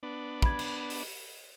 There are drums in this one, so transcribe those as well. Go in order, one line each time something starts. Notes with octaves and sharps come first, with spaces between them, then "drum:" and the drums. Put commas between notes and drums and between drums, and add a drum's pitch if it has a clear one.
B3 D4
B5 G#6, drum: kick
drum: cymbal
drum: open hi-hat